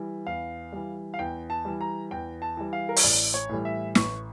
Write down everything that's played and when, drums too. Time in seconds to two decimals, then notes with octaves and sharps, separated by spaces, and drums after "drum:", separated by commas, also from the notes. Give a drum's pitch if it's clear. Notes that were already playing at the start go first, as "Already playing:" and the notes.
Already playing: E3 G3
0.27 E2 F5
0.73 E3 G3
1.14 F5
1.19 E2 G5
1.50 A5
1.65 E3 G3
1.81 A#5
2.11 E2 G5
2.42 A5
2.57 E3 G3
2.73 F5
2.89 A#4
2.96 C#5, drum: open hi-hat
3.03 A1 D5
3.34 C#5
3.49 A2 E3 G3
3.65 E5
3.95 A1 C#6, drum: snare